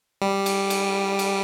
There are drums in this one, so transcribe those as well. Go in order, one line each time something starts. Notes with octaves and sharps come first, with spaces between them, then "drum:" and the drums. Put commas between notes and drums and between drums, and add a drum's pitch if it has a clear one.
G3
drum: cymbal
drum: cymbal
drum: cymbal